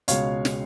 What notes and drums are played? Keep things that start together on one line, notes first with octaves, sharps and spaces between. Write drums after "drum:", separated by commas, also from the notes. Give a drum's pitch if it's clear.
C#2 B2 G#3 C#5 F5, drum: hi-hat
drum: snare